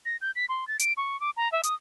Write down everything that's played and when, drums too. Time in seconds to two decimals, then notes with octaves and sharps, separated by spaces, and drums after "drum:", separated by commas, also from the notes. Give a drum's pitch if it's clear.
0.05 A#6
0.21 G6
0.35 B6
0.49 C6
0.67 A6
0.79 D7, drum: hi-hat
0.97 C#6
1.20 D6
1.37 A#5
1.52 E5
1.63 D#6, drum: hi-hat